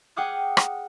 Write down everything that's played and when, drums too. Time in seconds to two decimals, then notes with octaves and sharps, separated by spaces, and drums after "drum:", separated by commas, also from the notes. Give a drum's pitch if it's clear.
0.16 G#4 F#5 G5 D6 D#6 F6
0.57 drum: rim click